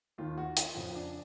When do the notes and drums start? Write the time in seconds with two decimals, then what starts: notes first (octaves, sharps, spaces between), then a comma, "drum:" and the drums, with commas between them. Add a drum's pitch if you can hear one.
0.18 D#2 D#3 F4
0.38 F#4
0.57 F4, drum: hi-hat
0.75 F2 C#3 F3
0.95 D4